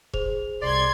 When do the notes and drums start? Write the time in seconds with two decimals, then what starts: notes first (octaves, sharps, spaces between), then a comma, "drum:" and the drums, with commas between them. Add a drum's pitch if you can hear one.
0.13 G#4 C5 F7, drum: kick E1
0.62 C2 D5 C6 G#6